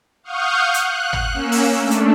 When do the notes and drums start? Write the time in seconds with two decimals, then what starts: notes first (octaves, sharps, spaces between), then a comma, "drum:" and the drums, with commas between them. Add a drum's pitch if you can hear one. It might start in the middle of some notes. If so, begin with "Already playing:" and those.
0.23 F5 F#5 C#6 D#6 F6 G6
0.74 F#6, drum: hi-hat
1.13 drum: tom G#1
1.34 A#3 C#4 E6
1.52 drum: open hi-hat
1.80 A3 D4
1.91 drum: hi-hat